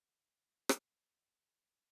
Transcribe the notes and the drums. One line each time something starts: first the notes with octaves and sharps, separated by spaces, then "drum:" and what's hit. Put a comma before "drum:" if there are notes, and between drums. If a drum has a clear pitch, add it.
A#3 G4 E5 F#5
drum: rim click